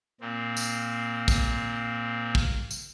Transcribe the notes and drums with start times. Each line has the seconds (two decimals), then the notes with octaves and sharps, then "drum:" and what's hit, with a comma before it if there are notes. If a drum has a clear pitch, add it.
0.21 A#2 C4
0.57 drum: tambourine
1.28 drum: kick, tambourine
2.35 drum: kick
2.71 drum: tambourine